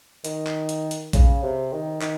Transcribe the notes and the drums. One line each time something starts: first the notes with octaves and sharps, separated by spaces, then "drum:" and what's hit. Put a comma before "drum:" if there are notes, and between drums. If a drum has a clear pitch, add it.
D#3, drum: hi-hat
drum: clap
drum: hi-hat
drum: hi-hat
C#3, drum: kick A#1, hi-hat
C3
D#3
D#3, drum: clap